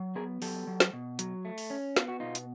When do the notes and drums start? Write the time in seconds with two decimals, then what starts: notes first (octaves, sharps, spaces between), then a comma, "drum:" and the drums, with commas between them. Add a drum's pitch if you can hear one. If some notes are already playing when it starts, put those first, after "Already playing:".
Already playing: F#3
0.15 B3 G#4 A#4
0.42 F#3 G4 A4, drum: open hi-hat
0.67 F#3
0.80 drum: snare
0.93 B2
1.19 F#3, drum: hi-hat
1.45 A3
1.58 drum: open hi-hat
1.70 C#4
1.96 B3 F4, drum: snare
2.08 F#4
2.20 B2 D#4 F4
2.35 drum: hi-hat